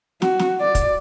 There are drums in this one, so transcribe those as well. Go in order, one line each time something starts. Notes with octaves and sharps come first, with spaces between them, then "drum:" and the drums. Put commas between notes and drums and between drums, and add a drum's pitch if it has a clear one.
F#4, drum: snare
drum: snare
D5
drum: kick, hi-hat